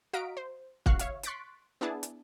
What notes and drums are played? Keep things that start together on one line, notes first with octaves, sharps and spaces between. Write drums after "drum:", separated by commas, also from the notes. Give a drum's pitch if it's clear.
F#4 D#5 F5 A#5 B6 D7
C5
C#2 F#4 F5 C#6 F#6 C7, drum: kick
C#5 E5 F5, drum: hi-hat
C6 C#6 F#6 A6 B6 D7, drum: hi-hat
B3 D4 E4 G#4 A5
drum: hi-hat